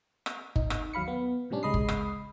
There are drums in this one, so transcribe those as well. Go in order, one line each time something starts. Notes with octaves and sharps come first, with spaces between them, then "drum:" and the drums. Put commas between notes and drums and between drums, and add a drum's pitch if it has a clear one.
drum: rim click
D#4, drum: kick G1
drum: rim click
D#2 F#3 F5 B5 C#7
B3
A2 C3 G3 C#4 D4
C#2 G#3 D#5 B5 D#6 C7
drum: kick G1
drum: rim click